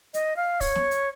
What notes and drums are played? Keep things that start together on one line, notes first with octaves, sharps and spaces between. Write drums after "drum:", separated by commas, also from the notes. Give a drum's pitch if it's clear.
D#5, drum: hi-hat
F5
C#5, drum: kick, open hi-hat
drum: snare
drum: hi-hat